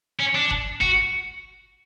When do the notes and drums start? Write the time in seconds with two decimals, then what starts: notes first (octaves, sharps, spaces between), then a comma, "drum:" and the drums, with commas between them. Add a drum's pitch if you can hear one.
0.20 C#4
0.35 D4
0.51 drum: kick F#1
0.81 F#4, drum: kick F#1